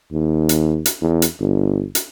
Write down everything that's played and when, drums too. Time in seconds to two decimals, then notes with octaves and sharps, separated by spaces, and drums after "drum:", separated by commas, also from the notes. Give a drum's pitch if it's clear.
0.13 D#2
0.49 drum: hi-hat
0.86 drum: hi-hat
1.01 E2
1.22 drum: hi-hat
1.39 G1
1.95 drum: hi-hat